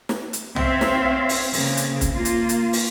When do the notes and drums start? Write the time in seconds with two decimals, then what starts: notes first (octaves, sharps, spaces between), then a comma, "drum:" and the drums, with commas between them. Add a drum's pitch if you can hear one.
0.09 drum: snare
0.33 drum: hi-hat
0.56 C4 C#5 E5 F5, drum: tom
0.81 drum: snare
1.29 drum: open hi-hat
1.53 C#3 A#3 C4, drum: open hi-hat
1.77 drum: hi-hat
2.01 drum: kick C#1, hi-hat
2.15 A#3 F4
2.25 drum: hi-hat
2.49 drum: hi-hat
2.73 drum: open hi-hat